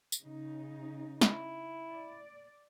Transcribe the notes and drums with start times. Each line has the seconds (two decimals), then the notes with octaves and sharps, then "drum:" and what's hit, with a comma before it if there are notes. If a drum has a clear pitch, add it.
0.12 drum: tambourine
0.22 C#3 D#4
1.21 E4, drum: snare
1.89 D5